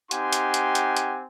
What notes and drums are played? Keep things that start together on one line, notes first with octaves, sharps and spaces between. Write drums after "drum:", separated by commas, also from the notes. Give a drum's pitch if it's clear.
C4 D#4 G4 F#5 G#5 C6, drum: hi-hat
drum: hi-hat
drum: hi-hat
drum: hi-hat
drum: hi-hat